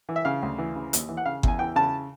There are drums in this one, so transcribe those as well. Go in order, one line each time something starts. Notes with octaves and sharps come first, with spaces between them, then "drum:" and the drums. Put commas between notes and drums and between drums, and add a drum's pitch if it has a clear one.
E3
E5
C#3 F5
D2
E3
C#3
D#2, drum: hi-hat
E3
F#5
C#3 F5
E2 G#5, drum: kick G1
E3 G5
C#3 A5